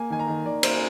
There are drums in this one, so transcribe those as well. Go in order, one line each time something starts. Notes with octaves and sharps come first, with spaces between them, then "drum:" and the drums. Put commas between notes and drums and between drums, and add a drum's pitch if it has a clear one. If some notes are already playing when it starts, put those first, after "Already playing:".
Already playing: A#3 G#5
D#3 G#5
A#5
D#3
D#3 D5
A#3 C5, drum: cymbal